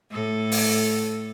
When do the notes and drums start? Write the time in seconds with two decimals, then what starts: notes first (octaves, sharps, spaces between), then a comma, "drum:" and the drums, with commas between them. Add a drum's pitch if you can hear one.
0.11 A2 A4
0.52 drum: open hi-hat